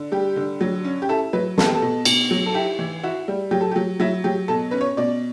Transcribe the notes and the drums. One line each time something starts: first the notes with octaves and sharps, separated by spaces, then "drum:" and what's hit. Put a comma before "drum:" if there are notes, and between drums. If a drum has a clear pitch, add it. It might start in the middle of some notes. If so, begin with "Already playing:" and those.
Already playing: D3
G3 G4
D3
F#3
C#4
G4
E4 A4
F#3 B4
B3 A4, drum: snare
G4
A4
B2
B2, drum: cymbal
F#3
A4
E4 G4
E3
E4 F#4
G3
F#3 G4
A4
G4
F#3
F#3 E4
F#3 G4
B2 A4
C#4 B4
C#5
B2 D5